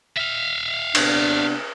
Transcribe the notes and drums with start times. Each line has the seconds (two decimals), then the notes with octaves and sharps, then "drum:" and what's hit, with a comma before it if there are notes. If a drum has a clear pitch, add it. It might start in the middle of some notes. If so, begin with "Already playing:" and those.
0.17 E5 F5
0.95 C3 B3 D4, drum: cymbal